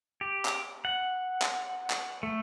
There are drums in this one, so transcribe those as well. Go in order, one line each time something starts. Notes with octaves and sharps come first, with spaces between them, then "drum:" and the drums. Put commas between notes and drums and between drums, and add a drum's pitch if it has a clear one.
G4
drum: clap
F#5
drum: clap
drum: clap
A3